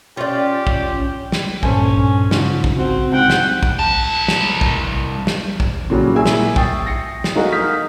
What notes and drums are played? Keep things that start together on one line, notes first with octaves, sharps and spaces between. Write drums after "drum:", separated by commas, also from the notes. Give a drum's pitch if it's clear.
C#4 F4 G4 D5
drum: kick
drum: snare
G2 A#2 C#4 A4 C5 G#5, drum: kick
G#2 C#3 F3, drum: snare
drum: kick
C4 F#4
C2 G#2 F#5 G5
drum: snare
drum: kick
C2 A5
drum: snare
drum: kick
drum: snare
drum: kick
A#2 C#3 F#3 G3
A#2 E4 G#4 G#5 E6
drum: snare
E5 G5 C#6 D#6 A6 C7, drum: kick
A#6 C7 C#7
drum: snare
A3 D#4 F#4 G#4 A#4 F5
D#6 F6 G6 B6